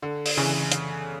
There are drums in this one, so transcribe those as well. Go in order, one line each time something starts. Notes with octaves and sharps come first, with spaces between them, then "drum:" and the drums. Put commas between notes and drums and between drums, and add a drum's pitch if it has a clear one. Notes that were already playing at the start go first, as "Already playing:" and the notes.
D3
drum: open hi-hat
C#3 E3
drum: hi-hat